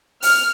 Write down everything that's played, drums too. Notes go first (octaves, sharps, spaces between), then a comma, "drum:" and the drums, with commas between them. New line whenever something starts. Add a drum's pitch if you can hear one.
F6, drum: open hi-hat